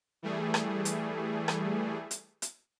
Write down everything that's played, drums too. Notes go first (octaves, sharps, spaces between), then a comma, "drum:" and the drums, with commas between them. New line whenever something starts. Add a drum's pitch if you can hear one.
E3 G3 A3 G#4
drum: rim click
drum: hi-hat
drum: rim click
drum: hi-hat
drum: hi-hat